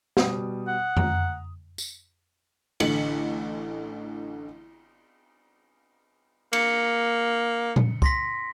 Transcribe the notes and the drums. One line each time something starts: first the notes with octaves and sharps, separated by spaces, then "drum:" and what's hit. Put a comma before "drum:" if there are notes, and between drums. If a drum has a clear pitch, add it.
B2 G3 D#6, drum: snare
F#5
A#5, drum: tom F2
drum: tambourine
A1 D3 C#7 F#7, drum: cymbal
A#3 C#7, drum: cymbal
drum: tom A#2
C6 A#6 B6, drum: kick